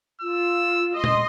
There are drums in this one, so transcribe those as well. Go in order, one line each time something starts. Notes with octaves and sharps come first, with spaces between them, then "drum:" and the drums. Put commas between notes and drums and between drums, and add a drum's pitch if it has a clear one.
F4 E6
D#5 C6
drum: tom A#2